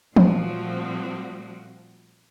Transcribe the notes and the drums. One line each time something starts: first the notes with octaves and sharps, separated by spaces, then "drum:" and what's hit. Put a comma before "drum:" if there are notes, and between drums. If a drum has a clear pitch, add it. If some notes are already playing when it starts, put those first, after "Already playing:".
A#2 F3 G3 A3 C4 F#4, drum: tom E3